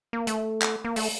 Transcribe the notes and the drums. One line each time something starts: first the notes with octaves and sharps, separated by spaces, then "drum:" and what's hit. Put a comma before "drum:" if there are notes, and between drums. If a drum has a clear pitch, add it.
A#3
A3, drum: hi-hat
drum: clap
A#3
A3, drum: open hi-hat